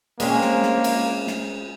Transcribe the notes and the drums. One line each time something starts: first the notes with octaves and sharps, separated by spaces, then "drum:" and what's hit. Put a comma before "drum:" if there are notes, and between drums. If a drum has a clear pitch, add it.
G#3 A#3 C4 C#4, drum: cymbal
drum: snare
drum: snare
drum: cymbal
drum: snare